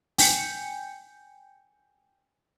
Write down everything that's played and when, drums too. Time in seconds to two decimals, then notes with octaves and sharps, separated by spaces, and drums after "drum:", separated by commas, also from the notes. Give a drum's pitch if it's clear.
0.18 G5 G#5 G6 C#7, drum: open hi-hat